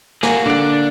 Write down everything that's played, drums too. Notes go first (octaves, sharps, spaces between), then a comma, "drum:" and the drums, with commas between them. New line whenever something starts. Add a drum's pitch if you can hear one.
A#3 F#4 G#4, drum: snare
D3 D4 F#5